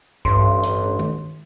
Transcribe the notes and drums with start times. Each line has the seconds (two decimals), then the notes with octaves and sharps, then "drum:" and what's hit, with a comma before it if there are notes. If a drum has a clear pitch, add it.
0.25 A1 G2 C6, drum: kick B1
0.63 drum: hi-hat
0.99 drum: tom D#3